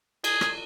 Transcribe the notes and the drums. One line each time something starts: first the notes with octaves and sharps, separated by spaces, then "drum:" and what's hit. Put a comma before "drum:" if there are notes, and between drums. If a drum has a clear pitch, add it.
G#4, drum: cymbal
drum: rim click